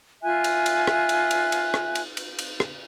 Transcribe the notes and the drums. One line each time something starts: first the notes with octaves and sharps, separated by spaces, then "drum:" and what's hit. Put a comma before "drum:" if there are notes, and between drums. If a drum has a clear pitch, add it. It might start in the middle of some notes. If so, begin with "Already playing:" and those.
F4 E5 G#5 F#6
drum: cymbal
drum: cymbal
drum: rim click
drum: cymbal
drum: cymbal
drum: cymbal
drum: rim click
drum: cymbal
drum: cymbal
drum: cymbal
drum: rim click